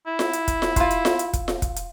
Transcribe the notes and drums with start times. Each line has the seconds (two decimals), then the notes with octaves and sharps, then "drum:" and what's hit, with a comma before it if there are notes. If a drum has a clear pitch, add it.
0.07 E4
0.19 drum: snare F4
0.33 drum: hi-hat
0.48 drum: kick, hi-hat
0.62 drum: snare F4
0.76 F4 C6, drum: kick, hi-hat
0.91 drum: hi-hat
1.05 drum: snare F4
1.19 drum: hi-hat
1.33 drum: kick, hi-hat
1.48 drum: snare F4
1.62 drum: kick, hi-hat
1.76 drum: hi-hat